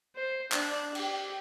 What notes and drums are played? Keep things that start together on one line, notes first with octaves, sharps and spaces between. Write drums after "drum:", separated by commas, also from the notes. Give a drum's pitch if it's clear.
C5
D4, drum: clap
G4, drum: cymbal